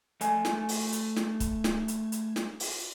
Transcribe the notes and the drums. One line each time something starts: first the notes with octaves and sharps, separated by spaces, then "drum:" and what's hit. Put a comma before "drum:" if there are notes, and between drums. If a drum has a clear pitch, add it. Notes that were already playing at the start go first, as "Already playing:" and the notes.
A3 G#5, drum: hi-hat
drum: snare
drum: open hi-hat
drum: hi-hat
drum: snare
drum: kick, hi-hat
drum: snare
drum: hi-hat
drum: hi-hat
drum: snare
drum: open hi-hat